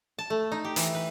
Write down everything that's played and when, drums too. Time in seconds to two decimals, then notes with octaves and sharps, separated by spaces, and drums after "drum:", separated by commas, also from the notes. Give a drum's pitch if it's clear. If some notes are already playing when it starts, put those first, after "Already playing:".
0.18 A5
0.30 A3
0.52 D#4
0.65 G4
0.76 E3, drum: hi-hat
0.95 B4